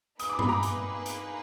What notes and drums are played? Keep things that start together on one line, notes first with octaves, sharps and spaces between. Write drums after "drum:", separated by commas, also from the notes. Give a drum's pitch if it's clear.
A#3 D#4 G#4 B4 D#6, drum: hi-hat
D6
B5, drum: tom G2
A#5 D6
drum: hi-hat
drum: hi-hat